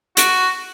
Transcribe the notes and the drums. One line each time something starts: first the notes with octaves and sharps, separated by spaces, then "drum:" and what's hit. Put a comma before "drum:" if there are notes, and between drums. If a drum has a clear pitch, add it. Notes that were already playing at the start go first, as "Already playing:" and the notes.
F#4, drum: hi-hat